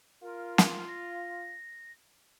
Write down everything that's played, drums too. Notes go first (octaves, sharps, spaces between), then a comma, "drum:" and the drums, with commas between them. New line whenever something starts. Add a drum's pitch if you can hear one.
F4 A#4
drum: snare
A#6